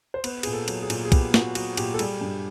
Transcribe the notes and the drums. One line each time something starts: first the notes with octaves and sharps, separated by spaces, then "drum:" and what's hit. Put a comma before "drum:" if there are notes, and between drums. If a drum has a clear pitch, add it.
C5
B3 B4, drum: cymbal
A#2 G#4, drum: cymbal
A4
F#3, drum: cymbal
G#4
A#2, drum: cymbal
G#4
B3 G4, drum: kick, cymbal
A#2 F#4, drum: snare
F#3 F#4, drum: cymbal
A#2 G4, drum: cymbal
A4
G3 G#4, drum: cymbal
G2